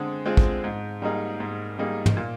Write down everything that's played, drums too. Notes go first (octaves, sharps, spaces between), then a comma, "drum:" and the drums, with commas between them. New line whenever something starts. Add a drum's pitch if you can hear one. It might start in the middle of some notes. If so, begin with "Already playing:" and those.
Already playing: D3 G#3 C4 G#4
G#3 C4 F4 G#4
drum: kick
G#2
G3 A#3 D#4 G#4
G#2
G3 A#3 D#4 G#4
drum: tom
A#2